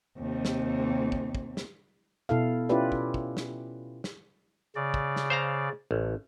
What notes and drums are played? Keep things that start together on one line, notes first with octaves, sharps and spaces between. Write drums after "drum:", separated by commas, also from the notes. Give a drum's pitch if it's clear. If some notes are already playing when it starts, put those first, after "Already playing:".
D#2 C3
drum: snare
drum: kick
drum: kick
drum: snare
B2 E4 A4 F5
C#4 E4 F4 G4 B4 D5
drum: kick
drum: kick
drum: snare
drum: snare
C#3 D5
drum: kick
drum: snare
C5 F5 A#5
A1